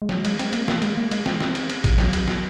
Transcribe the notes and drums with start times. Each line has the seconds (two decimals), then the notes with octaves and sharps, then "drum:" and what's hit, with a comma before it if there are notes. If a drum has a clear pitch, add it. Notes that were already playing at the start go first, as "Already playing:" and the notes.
0.02 G#3
0.09 F#3, drum: snare
0.25 G#3, drum: cymbal
0.39 C4, drum: cymbal
0.53 A#3, drum: cymbal
0.68 A#3, drum: snare
0.82 G#3, drum: cymbal
0.98 A#3
1.11 G#3, drum: cymbal
1.26 C4, drum: snare
1.40 drum: snare
1.55 drum: cymbal
1.70 drum: cymbal
1.84 drum: kick A1, cymbal
1.98 F#3, drum: snare
2.13 drum: cymbal
2.28 drum: snare